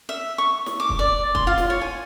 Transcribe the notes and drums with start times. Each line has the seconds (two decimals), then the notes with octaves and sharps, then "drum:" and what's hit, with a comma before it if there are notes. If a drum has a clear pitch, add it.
0.09 E5
0.38 C#6
0.66 drum: snare
0.80 D6
0.89 drum: kick
0.99 D5
1.35 C6, drum: kick
1.47 F4
1.58 drum: snare
1.70 C#5
1.81 G#5